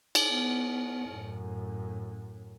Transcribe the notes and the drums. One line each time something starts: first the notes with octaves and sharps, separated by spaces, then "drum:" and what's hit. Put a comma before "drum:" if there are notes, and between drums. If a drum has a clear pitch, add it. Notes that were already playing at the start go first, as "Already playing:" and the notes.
drum: cymbal
B3
F#2 A2